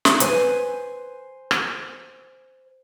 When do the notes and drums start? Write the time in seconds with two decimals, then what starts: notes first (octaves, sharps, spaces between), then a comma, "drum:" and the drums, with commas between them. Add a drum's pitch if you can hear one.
0.05 drum: snare
0.20 B4 C5 G#5, drum: hi-hat
1.51 drum: rim click